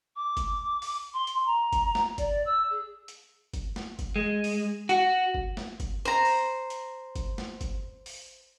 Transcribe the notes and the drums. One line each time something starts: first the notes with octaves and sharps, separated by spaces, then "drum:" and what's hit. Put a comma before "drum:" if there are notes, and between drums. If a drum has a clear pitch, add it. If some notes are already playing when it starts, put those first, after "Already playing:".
D6
drum: kick G1, hi-hat
drum: open hi-hat
C6
drum: hi-hat
A#5
drum: kick G1, hi-hat
drum: snare
D5, drum: kick G1, hi-hat
E6
G#4
drum: hi-hat
drum: kick G1, hi-hat
drum: snare
drum: kick G1, hi-hat
G#3
drum: open hi-hat
F#4, drum: hi-hat
drum: kick G1
drum: snare
drum: kick G1, hi-hat
C5 A#5
drum: open hi-hat
drum: hi-hat
drum: kick G1, hi-hat
drum: snare
drum: kick G1, hi-hat
drum: open hi-hat